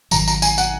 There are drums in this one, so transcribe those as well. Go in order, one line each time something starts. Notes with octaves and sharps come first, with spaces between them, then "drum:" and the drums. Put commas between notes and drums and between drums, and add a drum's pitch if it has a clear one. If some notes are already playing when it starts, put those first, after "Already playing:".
G#1 G#2 D#3 F#3 A#5, drum: tambourine
A#5, drum: tambourine
G#5, drum: tambourine
F#5, drum: tambourine